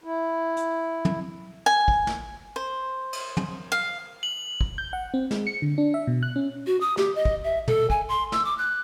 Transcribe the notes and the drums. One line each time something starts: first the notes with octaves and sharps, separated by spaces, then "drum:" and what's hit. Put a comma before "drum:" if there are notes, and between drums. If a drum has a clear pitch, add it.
E4
drum: hi-hat
drum: tom
G#5
drum: kick
drum: snare
C5
drum: cymbal
drum: tom
F5
F#7
drum: kick
G6
F#5
C4
G#3, drum: snare
C#7
D3
D4
E5
B2
F#6
C#4
F#4
D#6
G4, drum: snare
D#5
drum: kick
E5
A4, drum: tom
G#5, drum: kick
C6
E6, drum: snare
D6
F#6